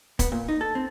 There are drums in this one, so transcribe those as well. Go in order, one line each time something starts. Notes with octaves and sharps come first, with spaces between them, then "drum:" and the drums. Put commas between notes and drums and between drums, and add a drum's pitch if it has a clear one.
B3, drum: kick, hi-hat
A#2
D#4
A4
C4